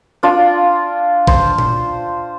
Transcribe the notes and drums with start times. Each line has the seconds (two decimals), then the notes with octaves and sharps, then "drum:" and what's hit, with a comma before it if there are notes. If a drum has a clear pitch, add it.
0.23 D4 F4 D5
1.27 C5, drum: kick G#1
1.58 drum: tom A#2